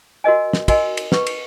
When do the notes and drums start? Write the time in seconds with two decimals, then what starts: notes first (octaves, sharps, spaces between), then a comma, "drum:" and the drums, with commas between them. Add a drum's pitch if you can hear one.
0.24 F#4 A#4 D#5 G#5
0.53 drum: snare
0.68 F#4 A#4 D#5 G#5, drum: kick, cymbal
0.97 drum: cymbal
1.12 B4 F#5 C#6, drum: snare
1.27 drum: cymbal